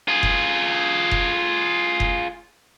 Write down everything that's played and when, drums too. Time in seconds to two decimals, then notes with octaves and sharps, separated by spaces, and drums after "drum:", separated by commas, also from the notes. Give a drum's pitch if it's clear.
0.08 F4 G#4
0.23 drum: kick F1
1.11 drum: kick F1
2.00 drum: kick F1